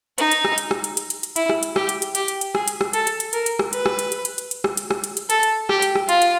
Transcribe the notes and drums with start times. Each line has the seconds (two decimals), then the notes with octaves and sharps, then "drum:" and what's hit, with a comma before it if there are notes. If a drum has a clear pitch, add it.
0.18 D#4, drum: hi-hat
0.32 drum: hi-hat
0.45 drum: rim click
0.58 drum: hi-hat
0.71 drum: rim click
0.84 drum: hi-hat
0.97 drum: hi-hat
1.10 drum: hi-hat
1.23 drum: hi-hat
1.36 E4, drum: hi-hat
1.50 drum: rim click
1.63 drum: hi-hat
1.76 G4, drum: rim click
1.89 drum: hi-hat
2.02 drum: hi-hat
2.15 G4, drum: hi-hat
2.28 drum: hi-hat
2.41 drum: hi-hat
2.55 G#4, drum: rim click
2.68 drum: hi-hat
2.81 drum: rim click
2.93 A4, drum: hi-hat
3.07 drum: hi-hat
3.20 drum: hi-hat
3.33 A#4, drum: hi-hat
3.46 drum: hi-hat
3.59 drum: rim click
3.73 B4, drum: hi-hat
3.86 drum: rim click
3.99 drum: hi-hat
4.12 drum: hi-hat
4.25 drum: hi-hat
4.38 drum: hi-hat
4.51 drum: hi-hat
4.64 drum: rim click
4.77 drum: hi-hat
4.91 drum: rim click
5.04 drum: hi-hat
5.17 drum: hi-hat
5.30 A4, drum: hi-hat
5.43 drum: hi-hat
5.69 G4, drum: rim click
5.82 drum: hi-hat
5.95 drum: rim click
6.09 F4, drum: hi-hat
6.22 drum: hi-hat